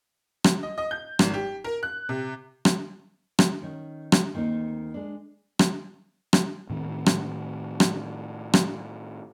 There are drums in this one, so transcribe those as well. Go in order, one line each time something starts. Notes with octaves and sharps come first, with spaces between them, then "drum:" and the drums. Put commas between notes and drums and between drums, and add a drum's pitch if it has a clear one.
drum: rim click
D#5
D#5
G6
G#1, drum: rim click
G4
A#4
F#6
C3
drum: rim click
drum: rim click
D#3 C#4
drum: rim click
D2 D#3 A#3 C4 D#4
G#3 D4
drum: rim click
drum: rim click
A2 D#3 C4
drum: rim click
drum: rim click
drum: rim click